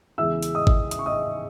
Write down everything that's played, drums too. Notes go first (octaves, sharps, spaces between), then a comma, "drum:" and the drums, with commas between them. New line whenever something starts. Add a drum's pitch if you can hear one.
E2 C#3 E3 G#3 E5 E6
drum: hi-hat
D#5 D#6
drum: kick G#1
D#6, drum: hi-hat
C#6
D#5 D#6